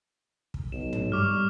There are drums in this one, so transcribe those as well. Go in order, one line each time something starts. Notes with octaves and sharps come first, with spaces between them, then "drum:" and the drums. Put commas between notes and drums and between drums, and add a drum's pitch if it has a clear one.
drum: kick
B1 E7
drum: tom
G3 C#6 D6 F6